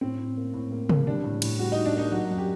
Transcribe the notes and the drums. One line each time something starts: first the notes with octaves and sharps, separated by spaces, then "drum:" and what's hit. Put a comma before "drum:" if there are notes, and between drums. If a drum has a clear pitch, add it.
A2 C4
A2
A#3
A2
A#3
A#3, drum: tom C3
G3 D4
A2
A2, drum: cymbal
G3 F#4
G3 D#4
D4
A#3 D#4
F#3 F#4
F#2
G4